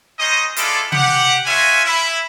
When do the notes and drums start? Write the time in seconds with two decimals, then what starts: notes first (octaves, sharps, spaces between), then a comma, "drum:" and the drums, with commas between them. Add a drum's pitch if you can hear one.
0.19 C#4 D#4 C5 D#5
0.57 G#3 E4 F4 A4 D5, drum: hi-hat
0.92 G4 F#5, drum: tom
1.46 F4 F#4 A#4 C#5 E5 G#5
1.86 E4